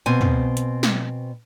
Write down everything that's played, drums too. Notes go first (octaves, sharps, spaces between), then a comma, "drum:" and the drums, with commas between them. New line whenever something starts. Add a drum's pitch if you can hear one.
B2 C4 G#5
drum: tom
drum: hi-hat
drum: snare